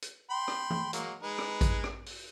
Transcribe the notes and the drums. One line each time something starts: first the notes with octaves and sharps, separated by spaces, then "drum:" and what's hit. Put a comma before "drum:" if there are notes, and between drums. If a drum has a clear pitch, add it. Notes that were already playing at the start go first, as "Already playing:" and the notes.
drum: hi-hat
G5 B5 C6
drum: rim click
drum: tom E3
F#3 G#3 A#3, drum: hi-hat
G#3 D#4 B4
drum: rim click
drum: kick A1, hi-hat
drum: rim click
drum: open hi-hat